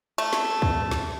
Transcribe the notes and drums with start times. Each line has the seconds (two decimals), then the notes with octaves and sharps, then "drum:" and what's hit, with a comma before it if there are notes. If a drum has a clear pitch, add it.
0.18 A3
0.33 drum: snare
0.62 drum: kick
0.91 drum: snare